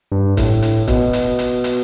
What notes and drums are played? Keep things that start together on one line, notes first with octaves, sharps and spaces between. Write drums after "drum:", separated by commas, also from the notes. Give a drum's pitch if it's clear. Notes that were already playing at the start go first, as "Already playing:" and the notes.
G2
A2, drum: kick C#1, hi-hat
drum: hi-hat
B2, drum: kick C#1, hi-hat
drum: hi-hat
drum: hi-hat
drum: hi-hat